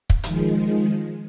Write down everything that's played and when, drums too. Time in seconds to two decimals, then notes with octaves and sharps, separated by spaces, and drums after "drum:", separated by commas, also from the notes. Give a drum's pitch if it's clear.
0.10 drum: kick
0.23 D#3 F3 G#3, drum: hi-hat